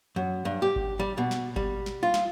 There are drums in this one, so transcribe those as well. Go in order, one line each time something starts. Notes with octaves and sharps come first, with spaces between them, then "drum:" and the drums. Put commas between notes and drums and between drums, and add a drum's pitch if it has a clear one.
F#2
G2
G4
drum: kick G1
G3
B2
drum: snare
G3, drum: kick G1
drum: snare
F4
drum: snare